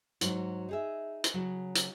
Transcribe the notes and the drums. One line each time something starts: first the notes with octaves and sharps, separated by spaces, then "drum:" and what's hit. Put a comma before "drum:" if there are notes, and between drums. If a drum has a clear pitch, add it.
G#2 F#3 F#4, drum: hi-hat
D#4 G#4 E5
drum: hi-hat
C#3 F#3
drum: hi-hat